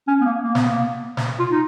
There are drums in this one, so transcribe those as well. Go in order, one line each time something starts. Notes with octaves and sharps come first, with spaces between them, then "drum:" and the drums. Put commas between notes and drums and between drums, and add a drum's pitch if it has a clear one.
C#4
B3
A#3
A#3
B3, drum: snare
A#3
drum: snare
F4
D#4